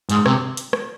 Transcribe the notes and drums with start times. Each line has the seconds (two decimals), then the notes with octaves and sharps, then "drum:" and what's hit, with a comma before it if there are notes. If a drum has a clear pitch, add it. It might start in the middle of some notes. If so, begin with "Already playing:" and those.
0.10 G#2, drum: hi-hat
0.26 C3, drum: rim click
0.57 drum: hi-hat
0.73 drum: rim click